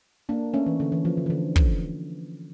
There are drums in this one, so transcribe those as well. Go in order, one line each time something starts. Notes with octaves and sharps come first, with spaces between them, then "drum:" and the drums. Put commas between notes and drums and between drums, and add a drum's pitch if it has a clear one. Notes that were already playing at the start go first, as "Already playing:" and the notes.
A#3 D4
A3 C#4
E3
D3
E3
F3
D3
E3
D3
drum: kick